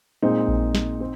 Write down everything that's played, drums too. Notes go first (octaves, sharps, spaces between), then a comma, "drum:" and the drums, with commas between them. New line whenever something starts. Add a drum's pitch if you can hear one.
A#2 G#3 C4 D#4
drum: kick A#1
drum: snare
C4